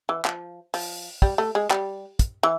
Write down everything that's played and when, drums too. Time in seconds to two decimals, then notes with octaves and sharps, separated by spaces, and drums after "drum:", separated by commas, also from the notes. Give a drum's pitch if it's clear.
0.09 E3
0.25 F3, drum: clap
0.74 F3, drum: open hi-hat
1.22 G3, drum: kick
1.38 A3
1.55 G#3
1.70 G3, drum: clap
2.19 drum: kick, hi-hat
2.43 E3